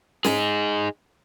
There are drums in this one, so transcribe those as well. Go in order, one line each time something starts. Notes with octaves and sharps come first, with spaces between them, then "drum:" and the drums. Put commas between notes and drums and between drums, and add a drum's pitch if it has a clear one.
D#4 G#4, drum: snare